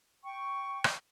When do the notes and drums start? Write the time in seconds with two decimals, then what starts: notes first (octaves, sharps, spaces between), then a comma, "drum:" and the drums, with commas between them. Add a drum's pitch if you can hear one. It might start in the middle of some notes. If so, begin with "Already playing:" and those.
0.24 G5 C#6
0.84 drum: rim click